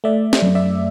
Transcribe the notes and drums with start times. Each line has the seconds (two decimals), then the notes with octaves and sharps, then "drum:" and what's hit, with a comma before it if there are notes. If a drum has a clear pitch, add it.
0.04 A3 D5 E5
0.33 drum: snare C4
0.42 F#2
0.55 D5 E5